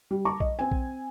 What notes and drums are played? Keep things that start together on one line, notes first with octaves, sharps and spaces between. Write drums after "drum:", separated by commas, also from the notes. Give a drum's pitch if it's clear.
G3
A5 A#5 C#6 D6
D#5, drum: kick A#1
C4 G#5
drum: kick A#1